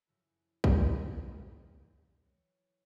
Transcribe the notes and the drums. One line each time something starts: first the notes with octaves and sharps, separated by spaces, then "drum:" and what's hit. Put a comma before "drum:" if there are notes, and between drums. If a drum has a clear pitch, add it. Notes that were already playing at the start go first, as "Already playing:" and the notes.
F#2 C#3 F3 A3 E4 F#4
drum: kick A#1
A4 D#5 D#6 A6
G5
E3 F#3 C#5